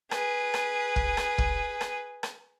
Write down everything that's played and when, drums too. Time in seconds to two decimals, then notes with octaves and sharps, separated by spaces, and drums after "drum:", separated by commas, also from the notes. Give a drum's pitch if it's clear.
0.11 G#4 B4, drum: rim click
0.54 drum: rim click
0.96 drum: kick
1.17 drum: rim click
1.38 drum: kick
1.81 drum: rim click
2.23 drum: rim click